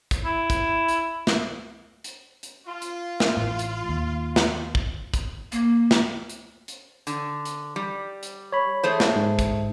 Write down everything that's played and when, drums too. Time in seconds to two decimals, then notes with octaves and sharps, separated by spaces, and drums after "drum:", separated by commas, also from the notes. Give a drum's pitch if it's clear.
0.11 drum: kick, hi-hat
0.25 E4
0.50 drum: kick, hi-hat
0.88 drum: hi-hat
1.27 drum: snare
2.04 drum: hi-hat
2.43 drum: hi-hat
2.67 F4
2.82 drum: hi-hat
3.20 drum: snare
3.37 A1 A2
3.59 drum: hi-hat
3.89 D#2
4.36 drum: snare
4.75 drum: kick
5.14 drum: kick, hi-hat
5.52 A#3, drum: hi-hat
5.91 drum: snare
6.29 drum: hi-hat
6.68 drum: hi-hat
7.07 D3, drum: hi-hat
7.45 drum: hi-hat
7.76 G3
8.23 drum: hi-hat
8.52 C#5 B5
8.83 A3 G#4 C5
9.00 drum: snare
9.16 G#2
9.39 drum: kick, hi-hat